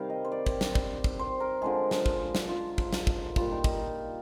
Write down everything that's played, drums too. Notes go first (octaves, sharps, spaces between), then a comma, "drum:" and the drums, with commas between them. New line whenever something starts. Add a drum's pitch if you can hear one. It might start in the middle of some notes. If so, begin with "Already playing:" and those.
Already playing: C3 D#3 G3 F5
D#5
C5
D5
drum: kick
drum: snare
drum: kick
drum: kick
C5
A#4
D3 F3 G#3 G#4
drum: snare
drum: kick
drum: snare
F4
drum: kick
drum: snare
drum: kick
A#2 G3 F4, drum: kick
D#4
D#4, drum: kick
F4